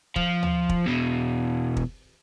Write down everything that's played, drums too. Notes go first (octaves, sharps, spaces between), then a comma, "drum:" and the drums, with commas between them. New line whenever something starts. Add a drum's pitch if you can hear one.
F3, drum: kick
drum: tom
drum: kick
E2 B2
drum: kick